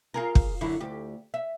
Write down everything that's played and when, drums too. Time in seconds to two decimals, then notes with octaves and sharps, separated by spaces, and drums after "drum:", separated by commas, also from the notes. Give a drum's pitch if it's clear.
0.14 F4 G#4 A#4
0.35 drum: kick
0.61 F#2 D3 E4
0.80 D2 G4
1.34 E5